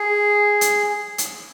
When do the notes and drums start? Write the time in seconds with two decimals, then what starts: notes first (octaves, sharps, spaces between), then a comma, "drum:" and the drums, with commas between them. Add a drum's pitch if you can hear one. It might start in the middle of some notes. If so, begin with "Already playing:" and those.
Already playing: G#4
0.61 drum: hi-hat
1.18 drum: hi-hat